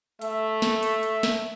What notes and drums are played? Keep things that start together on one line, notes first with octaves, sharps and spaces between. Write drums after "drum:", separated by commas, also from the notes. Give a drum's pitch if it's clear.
A3 E5, drum: hi-hat
drum: snare
drum: hi-hat
drum: hi-hat
drum: snare